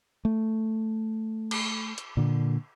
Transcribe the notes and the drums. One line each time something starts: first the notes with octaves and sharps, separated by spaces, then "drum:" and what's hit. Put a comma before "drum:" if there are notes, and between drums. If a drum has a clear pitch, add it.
A3
drum: cymbal
drum: hi-hat
A#2 D3